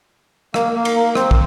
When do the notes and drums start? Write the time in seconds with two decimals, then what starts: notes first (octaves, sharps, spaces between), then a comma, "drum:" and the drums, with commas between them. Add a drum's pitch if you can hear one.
0.54 A#3, drum: rim click
0.76 A#3
0.85 drum: cymbal
0.95 A#3
1.15 C4, drum: rim click
1.31 drum: kick